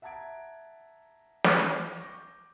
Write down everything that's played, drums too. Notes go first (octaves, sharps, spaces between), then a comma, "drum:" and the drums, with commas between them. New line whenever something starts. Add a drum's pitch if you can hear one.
E5 F#5 A5 A#5 G#6 D7
drum: snare
C#6 D6 G6 A#6